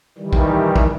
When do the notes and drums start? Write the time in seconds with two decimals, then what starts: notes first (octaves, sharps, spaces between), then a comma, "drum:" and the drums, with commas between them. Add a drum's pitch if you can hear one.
0.18 D#3 E3 G3
0.33 drum: kick
0.76 drum: kick